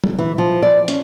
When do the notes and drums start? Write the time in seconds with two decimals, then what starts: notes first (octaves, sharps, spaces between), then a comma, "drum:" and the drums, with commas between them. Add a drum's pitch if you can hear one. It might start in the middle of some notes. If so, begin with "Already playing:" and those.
0.04 drum: tom
0.19 E3
0.38 F3
0.62 D5
0.88 C#4, drum: hi-hat